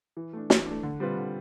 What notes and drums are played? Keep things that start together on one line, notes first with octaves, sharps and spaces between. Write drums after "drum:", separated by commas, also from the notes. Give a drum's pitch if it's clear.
E3
A3 D4
E3, drum: snare
A3 D4
D3
G3 C4 F4 B4
D3